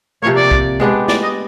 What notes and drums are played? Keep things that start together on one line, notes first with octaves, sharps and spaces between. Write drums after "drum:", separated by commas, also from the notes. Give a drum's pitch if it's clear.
C3 F3 A#3 C#5
D5
drum: kick
G#3 B3 D4 G4
D5, drum: snare
D#5